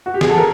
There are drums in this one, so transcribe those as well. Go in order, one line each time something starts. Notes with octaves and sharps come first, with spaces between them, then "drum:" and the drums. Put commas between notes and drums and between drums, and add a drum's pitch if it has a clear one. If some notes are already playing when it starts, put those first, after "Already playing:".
F#4
G4
G#4, drum: snare
A4
A#4